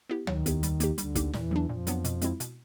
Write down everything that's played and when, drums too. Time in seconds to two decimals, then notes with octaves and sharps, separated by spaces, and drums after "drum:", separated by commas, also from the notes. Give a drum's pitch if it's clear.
0.09 B3 E4 G4
0.27 D#2 D#3 F#3, drum: tom C#2
0.46 B3 E4 G4, drum: hi-hat
0.63 G3, drum: hi-hat
0.80 A#3 D#4 G4, drum: hi-hat
0.98 D2 D3 G3, drum: hi-hat
1.15 A#3 D#4 G4, drum: kick, hi-hat
1.33 E2 A#2 E3, drum: snare
1.51 F#3 B3 D4
1.68 F2 A#2 F3
1.87 F#3 B3 D4, drum: hi-hat
2.04 B2, drum: hi-hat
2.21 G#3 C4 E4, drum: hi-hat
2.40 B2, drum: hi-hat